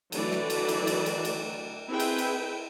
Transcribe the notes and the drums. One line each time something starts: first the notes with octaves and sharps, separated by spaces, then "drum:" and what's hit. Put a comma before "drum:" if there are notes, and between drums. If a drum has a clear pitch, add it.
D3 E3 F#3 A3 D5, drum: cymbal
drum: snare
drum: cymbal
drum: cymbal
drum: cymbal
drum: cymbal
drum: cymbal
C4 E4 G#4 B4 G5
drum: cymbal
drum: cymbal